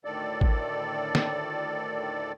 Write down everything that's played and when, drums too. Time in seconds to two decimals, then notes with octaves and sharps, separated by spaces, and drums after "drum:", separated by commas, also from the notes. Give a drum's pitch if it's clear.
0.05 D2 A2 D#3 A4 D5
0.41 drum: kick G#1
1.15 drum: snare